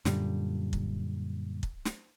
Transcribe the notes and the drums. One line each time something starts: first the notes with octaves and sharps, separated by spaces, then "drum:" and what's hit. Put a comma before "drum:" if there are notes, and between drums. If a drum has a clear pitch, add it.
F#2 A#2 D3 G3, drum: snare
drum: kick
drum: kick
drum: snare